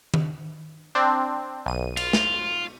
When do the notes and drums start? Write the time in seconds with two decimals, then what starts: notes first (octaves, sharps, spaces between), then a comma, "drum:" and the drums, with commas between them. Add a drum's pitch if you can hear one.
0.14 drum: tom D#3
0.95 C4 D4
1.66 B1 D#7
1.97 F4, drum: cymbal
2.13 drum: snare